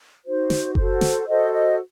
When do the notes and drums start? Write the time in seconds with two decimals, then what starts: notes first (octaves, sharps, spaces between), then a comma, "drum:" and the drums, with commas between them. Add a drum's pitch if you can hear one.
0.25 D#4 F#4 C5
0.50 drum: snare
0.75 F#4 A4 C5, drum: kick F#1
1.01 drum: snare
1.27 F#4 A4 C5 D#5
1.53 D#5